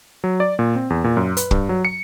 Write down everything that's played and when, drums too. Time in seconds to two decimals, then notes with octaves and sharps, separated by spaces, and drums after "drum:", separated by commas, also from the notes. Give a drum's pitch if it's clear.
0.24 F#3
0.40 D5
0.59 A#2
0.75 C4
0.90 E2
1.04 A#2
1.17 F#2
1.37 B4, drum: hi-hat
1.51 G2, drum: kick
1.69 F#3
1.85 C#7